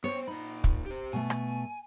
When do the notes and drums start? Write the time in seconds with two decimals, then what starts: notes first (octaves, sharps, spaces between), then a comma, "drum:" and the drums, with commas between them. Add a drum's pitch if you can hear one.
0.04 B3 C5 C#5
0.28 A#2 D#4 B5
0.64 drum: kick
0.86 G4 C5
1.13 B2 A3 G#5
1.30 drum: rim click